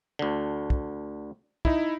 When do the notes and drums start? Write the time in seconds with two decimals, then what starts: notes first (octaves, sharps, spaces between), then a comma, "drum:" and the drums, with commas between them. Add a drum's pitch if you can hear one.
0.19 D2 D3
0.70 drum: kick
1.65 D#4 E4, drum: kick